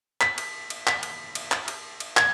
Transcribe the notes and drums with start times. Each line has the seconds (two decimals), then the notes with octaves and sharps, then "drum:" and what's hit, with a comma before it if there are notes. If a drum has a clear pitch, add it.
0.21 B6, drum: clap
0.38 drum: cymbal
0.70 drum: cymbal
0.87 B6, drum: clap
1.03 drum: cymbal
1.35 drum: cymbal
1.52 drum: clap
1.68 drum: cymbal
2.00 drum: cymbal
2.17 G#6, drum: clap